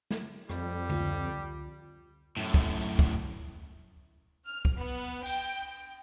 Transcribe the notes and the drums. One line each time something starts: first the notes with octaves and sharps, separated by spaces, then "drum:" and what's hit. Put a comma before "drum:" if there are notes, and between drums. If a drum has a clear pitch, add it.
drum: snare
F2 G3, drum: rim click
C#2 D3 F4, drum: tom
F#2 A2, drum: cymbal
drum: kick
drum: hi-hat
drum: kick
F6
drum: kick
B3
G5, drum: cymbal